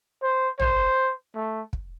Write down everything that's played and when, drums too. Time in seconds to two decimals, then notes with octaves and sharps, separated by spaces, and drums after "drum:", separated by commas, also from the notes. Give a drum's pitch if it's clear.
0.22 C5
0.60 C5, drum: tom
1.35 A3
1.73 drum: kick